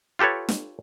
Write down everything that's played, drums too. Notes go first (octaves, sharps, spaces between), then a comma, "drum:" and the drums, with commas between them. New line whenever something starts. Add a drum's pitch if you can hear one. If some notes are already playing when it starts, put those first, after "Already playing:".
F4 G4 A4 B4 C#5
drum: snare